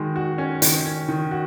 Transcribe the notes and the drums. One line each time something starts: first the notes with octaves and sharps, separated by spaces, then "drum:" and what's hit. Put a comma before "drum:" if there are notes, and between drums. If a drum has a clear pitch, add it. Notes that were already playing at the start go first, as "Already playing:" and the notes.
Already playing: D#3 G#3 F#4
F#4
C#4
D#3, drum: hi-hat
C#4
D#3
F#4